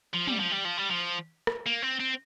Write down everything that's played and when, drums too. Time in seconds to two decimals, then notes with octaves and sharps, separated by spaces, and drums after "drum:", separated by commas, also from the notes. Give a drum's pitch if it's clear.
0.14 F3
0.27 G3, drum: tom
0.40 F3
0.52 G3
0.65 F3
0.78 G3
0.90 F3
1.47 drum: rim click
1.66 A#3
1.82 C4
2.00 C4